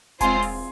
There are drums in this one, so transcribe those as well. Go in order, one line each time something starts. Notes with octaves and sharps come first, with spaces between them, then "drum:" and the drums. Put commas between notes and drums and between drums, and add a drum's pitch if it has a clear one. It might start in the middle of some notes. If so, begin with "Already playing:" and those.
G#3 C4 F4 C5 G#5 C6, drum: kick E1, hi-hat
drum: open hi-hat